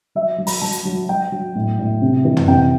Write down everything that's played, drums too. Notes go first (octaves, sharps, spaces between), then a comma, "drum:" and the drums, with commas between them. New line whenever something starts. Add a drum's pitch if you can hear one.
F#3 E5
F#3
B5, drum: open hi-hat
F#3 A5
drum: hi-hat
F#3
F#3 G5
F#3
A2
A2
C3
E3
drum: tom
C3 G5